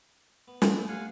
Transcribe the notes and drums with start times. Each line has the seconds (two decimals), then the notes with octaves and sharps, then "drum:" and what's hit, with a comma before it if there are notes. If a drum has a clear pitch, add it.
0.48 B3
0.62 A2 F3 G3, drum: snare
0.88 F5 F#5 G#5